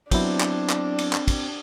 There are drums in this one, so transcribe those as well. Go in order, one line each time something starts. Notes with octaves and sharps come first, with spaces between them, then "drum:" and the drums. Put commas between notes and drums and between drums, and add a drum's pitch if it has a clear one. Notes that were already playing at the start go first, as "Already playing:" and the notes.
F#3 B3 C4 D4 E4, drum: kick, cymbal
drum: clap
drum: clap
drum: cymbal
drum: clap
drum: kick, cymbal